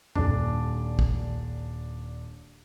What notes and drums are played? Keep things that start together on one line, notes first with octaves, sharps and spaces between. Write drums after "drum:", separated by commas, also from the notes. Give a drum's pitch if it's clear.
D#1 D4, drum: tom F2
drum: kick